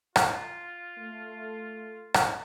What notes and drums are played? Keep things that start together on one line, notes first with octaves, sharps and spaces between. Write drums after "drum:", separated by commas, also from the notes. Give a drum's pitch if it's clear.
F4, drum: rim click
A3
drum: rim click